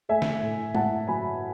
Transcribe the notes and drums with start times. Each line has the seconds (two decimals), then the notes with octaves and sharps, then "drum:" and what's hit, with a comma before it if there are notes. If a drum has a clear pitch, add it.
0.09 A3 E5 G#5
0.22 drum: snare
0.42 A2
0.75 A2 F#5 A5, drum: tom
1.07 F#3 G#5 B5